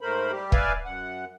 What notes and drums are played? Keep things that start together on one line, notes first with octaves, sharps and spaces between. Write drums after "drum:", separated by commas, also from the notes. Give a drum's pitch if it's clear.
G#2 A3 A#4 C5 B5
G3 G4
B4 D5 E5 F5 G#5, drum: kick
F#2 F#5